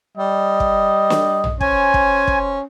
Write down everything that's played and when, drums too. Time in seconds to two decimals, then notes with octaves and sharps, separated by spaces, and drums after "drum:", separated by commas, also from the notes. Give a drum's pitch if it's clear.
0.17 G3 D#5
0.60 drum: kick
1.10 drum: snare
1.44 drum: tom A#1
1.61 C#4 C5 G#5, drum: kick
1.94 drum: kick
2.28 drum: kick